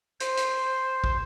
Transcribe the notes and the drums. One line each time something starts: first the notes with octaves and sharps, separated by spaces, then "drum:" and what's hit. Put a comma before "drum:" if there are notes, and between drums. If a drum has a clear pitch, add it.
C5, drum: hi-hat
drum: hi-hat
drum: kick